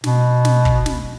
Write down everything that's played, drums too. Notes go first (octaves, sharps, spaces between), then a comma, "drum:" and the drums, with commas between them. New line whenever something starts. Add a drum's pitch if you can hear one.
B2, drum: snare
drum: snare
drum: kick
drum: snare